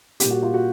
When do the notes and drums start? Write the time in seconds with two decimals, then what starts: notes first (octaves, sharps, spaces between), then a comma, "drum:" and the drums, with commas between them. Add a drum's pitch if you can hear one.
0.20 A#2 G3 A#3 G4, drum: hi-hat
0.31 F#4
0.43 F4
0.54 F#4